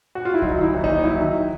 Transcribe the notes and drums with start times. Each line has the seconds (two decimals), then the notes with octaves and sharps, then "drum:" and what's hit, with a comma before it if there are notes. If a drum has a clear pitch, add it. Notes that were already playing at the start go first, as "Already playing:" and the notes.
0.15 F#4
0.25 F4
0.34 E4
0.42 F#3 D#4, drum: kick C2
0.58 D#3 E4
0.74 D#2
0.84 D#4, drum: kick C2
0.89 D#2
1.04 F#3 E4
1.20 D#3